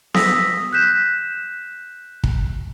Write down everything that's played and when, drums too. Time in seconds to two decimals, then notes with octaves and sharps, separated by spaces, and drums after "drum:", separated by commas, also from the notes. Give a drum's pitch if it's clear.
0.14 D#6 E6 A#6 B6, drum: snare B3
0.73 F#6 G6 B6 E7
2.24 drum: kick